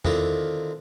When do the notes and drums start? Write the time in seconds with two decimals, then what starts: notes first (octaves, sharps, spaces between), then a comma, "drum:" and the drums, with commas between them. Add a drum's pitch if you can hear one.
0.05 D3 D#3 C4 E4 F4 A#4, drum: tom E2